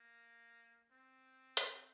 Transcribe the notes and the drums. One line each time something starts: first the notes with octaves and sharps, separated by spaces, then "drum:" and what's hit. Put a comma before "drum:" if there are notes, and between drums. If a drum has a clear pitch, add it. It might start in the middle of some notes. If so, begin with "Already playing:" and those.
Already playing: A#3
C4
drum: hi-hat